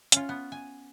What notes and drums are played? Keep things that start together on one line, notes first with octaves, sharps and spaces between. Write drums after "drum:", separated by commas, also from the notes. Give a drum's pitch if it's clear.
C#4 F4, drum: hi-hat
B3
G#5